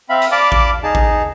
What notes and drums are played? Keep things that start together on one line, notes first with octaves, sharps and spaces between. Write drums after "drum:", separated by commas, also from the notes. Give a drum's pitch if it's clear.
C4 E5 F5 B5
drum: hi-hat
D5 F5 A5 B5 D6
drum: kick A1
D#4 G#4 A5
drum: kick A1